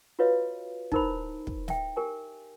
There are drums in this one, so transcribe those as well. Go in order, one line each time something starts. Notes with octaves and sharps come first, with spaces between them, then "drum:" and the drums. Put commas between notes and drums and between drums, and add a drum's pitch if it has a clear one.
F4 F#4 B4 C#5 D#5 F5
D#4 E4 A#4 C5 B5, drum: kick
drum: kick
E5 G5, drum: snare
G4 A#4 G#5